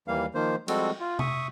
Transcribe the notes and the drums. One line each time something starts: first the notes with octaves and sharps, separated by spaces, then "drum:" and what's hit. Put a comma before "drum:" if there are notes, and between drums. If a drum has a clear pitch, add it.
D#2 E3 G3 A#3 F5
D#3 F3 A#3 C5
F3 G3 G#3 C4 F#4 A4, drum: cymbal
F4
E5 C#6 D#6, drum: tom C3